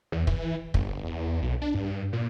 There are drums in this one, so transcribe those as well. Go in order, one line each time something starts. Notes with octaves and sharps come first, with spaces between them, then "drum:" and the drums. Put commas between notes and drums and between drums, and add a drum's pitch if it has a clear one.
E2
E3, drum: kick
G1, drum: kick
E2
B1
D4
G2
A#2